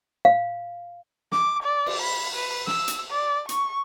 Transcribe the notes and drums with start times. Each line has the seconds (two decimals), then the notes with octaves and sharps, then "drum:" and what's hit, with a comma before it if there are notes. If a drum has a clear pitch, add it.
0.25 F5
1.32 D6, drum: snare
1.63 D5
1.86 drum: cymbal
2.02 B5
2.35 B4
2.67 E6, drum: snare
2.88 drum: hi-hat
3.11 D5
3.49 C#6, drum: hi-hat